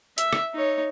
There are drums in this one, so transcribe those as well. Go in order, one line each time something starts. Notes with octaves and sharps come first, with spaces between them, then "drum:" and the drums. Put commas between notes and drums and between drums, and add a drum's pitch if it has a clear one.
E5, drum: hi-hat
drum: rim click
D#4 C#5